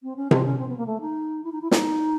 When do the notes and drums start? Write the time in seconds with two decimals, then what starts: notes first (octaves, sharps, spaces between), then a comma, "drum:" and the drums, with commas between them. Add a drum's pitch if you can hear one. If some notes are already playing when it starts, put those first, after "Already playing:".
0.03 C4
0.16 C#4
0.31 C4, drum: tom C3
0.45 C#4
0.58 C4
0.68 B3
0.77 A#3
0.86 A3
1.01 D#4
1.44 E4
1.52 D#4
1.62 E4
1.71 D#4, drum: snare